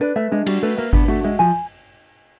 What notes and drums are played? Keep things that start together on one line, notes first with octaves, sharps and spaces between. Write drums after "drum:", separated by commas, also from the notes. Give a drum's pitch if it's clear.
D4 B4
A3 E5
G#3 D4
G3 F#4, drum: cymbal
A3 B4
A#3 E5
B3 D4, drum: kick G#1
A3 F#4
G#3 E5
F3 G#5